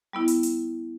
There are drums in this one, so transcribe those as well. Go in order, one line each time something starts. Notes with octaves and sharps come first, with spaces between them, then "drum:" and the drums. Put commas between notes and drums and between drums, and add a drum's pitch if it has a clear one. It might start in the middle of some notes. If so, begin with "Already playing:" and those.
G3 B3 E4
drum: hi-hat
drum: hi-hat